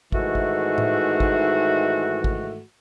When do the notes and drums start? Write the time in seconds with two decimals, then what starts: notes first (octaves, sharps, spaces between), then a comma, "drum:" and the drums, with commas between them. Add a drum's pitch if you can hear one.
0.12 G#2 D#3 E3 A3 F#4, drum: kick
0.35 drum: kick
0.78 drum: tom A2
1.20 drum: kick
2.24 drum: kick